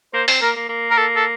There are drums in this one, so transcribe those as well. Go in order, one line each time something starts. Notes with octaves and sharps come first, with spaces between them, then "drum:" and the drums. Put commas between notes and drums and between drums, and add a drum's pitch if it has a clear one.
A#3 C5
C4, drum: open hi-hat
A#3 A#4
A#3
A#3
A#4
A4
A4